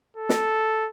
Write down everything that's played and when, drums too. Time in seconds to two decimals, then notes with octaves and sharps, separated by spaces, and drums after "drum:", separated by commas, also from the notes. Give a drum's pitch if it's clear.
0.17 A4
0.29 drum: snare